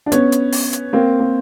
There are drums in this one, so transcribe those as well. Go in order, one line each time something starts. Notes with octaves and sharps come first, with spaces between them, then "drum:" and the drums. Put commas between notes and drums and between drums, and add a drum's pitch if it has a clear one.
D4
B3 C#4, drum: hi-hat
drum: hi-hat
drum: open hi-hat
drum: hi-hat
A#3 C4
A#3